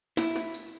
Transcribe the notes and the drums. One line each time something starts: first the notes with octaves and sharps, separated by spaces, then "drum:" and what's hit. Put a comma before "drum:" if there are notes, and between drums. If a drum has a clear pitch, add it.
E4, drum: snare
drum: snare
drum: tambourine